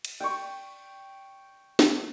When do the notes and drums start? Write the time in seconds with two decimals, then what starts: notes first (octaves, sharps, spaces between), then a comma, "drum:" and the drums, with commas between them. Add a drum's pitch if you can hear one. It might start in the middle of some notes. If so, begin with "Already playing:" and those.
0.05 drum: cymbal
0.20 G5 C#6
1.79 drum: snare